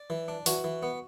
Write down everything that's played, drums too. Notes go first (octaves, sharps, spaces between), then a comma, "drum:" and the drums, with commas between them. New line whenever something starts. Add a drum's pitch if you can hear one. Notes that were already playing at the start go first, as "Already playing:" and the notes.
Already playing: D5
E3
D4
E3 F#4, drum: open hi-hat
E3
B3